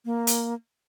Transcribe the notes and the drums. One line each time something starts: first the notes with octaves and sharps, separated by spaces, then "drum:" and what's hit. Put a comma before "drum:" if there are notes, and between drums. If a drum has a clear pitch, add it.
A#3
drum: hi-hat